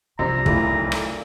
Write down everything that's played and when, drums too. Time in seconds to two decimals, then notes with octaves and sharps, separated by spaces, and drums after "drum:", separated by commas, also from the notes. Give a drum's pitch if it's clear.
0.19 C2 C3 F3 D4 A#5
0.46 B1 F2 A2 A#3 E4 D5, drum: kick
0.92 drum: rim click